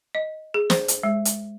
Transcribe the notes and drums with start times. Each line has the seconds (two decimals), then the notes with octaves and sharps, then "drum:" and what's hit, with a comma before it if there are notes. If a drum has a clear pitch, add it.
0.15 D#5
0.54 G#4
0.70 C5, drum: snare
0.88 drum: hi-hat
1.03 G#3
1.25 drum: hi-hat